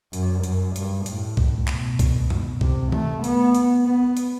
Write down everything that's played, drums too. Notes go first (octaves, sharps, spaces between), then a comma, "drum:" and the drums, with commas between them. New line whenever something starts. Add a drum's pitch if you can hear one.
F#2, drum: hi-hat
F#2, drum: hi-hat
G2, drum: hi-hat
A2, drum: hi-hat
drum: kick C2
B2, drum: clap
drum: kick C2, hi-hat
drum: tom F#2
C3, drum: kick C2
A3, drum: tom
B3, drum: hi-hat
drum: hi-hat
B3
drum: hi-hat